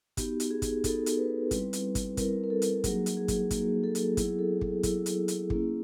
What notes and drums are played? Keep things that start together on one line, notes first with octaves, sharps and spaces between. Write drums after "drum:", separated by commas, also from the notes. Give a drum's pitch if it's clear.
B3 D#4 F#4 G4, drum: kick, hi-hat
drum: hi-hat
G#4
drum: kick, hi-hat
B3 D#4 F#4 A4, drum: kick, hi-hat
drum: hi-hat
B4
G3 C4 E4, drum: kick, hi-hat
drum: hi-hat
drum: kick, hi-hat
G3 C4 E4 A#4, drum: kick, hi-hat
A#4
A4
drum: hi-hat
F#3 A#3 D#4 F#4 G#4, drum: kick, hi-hat
drum: hi-hat
G#4
drum: kick, hi-hat
F#3 A#3 D#4 F#4 G#4, drum: kick, hi-hat
A4
drum: hi-hat
F#3 B3 E4 G#4, drum: kick, hi-hat
A4
G#4, drum: kick
F#3 B3 E4, drum: kick, hi-hat
drum: hi-hat
drum: hi-hat
A#3 C#4 E4, drum: kick